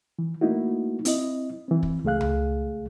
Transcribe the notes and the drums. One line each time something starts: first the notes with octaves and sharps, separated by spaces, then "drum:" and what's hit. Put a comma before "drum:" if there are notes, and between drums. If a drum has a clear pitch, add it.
E3
A3 A#3 D#4 E4 F#4
C4 E4 D#5, drum: hi-hat
E3 C4
drum: kick
C#2 A3 G#4 F5 F#6
drum: tom C#2